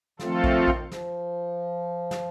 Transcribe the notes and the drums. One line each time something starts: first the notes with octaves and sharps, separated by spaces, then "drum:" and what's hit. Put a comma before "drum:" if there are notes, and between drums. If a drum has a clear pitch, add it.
D#3 F3 A3 C4 F4 A4, drum: snare
drum: kick A#1
drum: kick A#1
F3, drum: snare
drum: snare